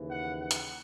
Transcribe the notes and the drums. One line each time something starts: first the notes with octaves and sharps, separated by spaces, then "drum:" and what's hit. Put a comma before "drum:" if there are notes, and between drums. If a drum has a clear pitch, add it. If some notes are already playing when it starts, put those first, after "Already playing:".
Already playing: D#2 C#3 E3
F#5
F#5
drum: hi-hat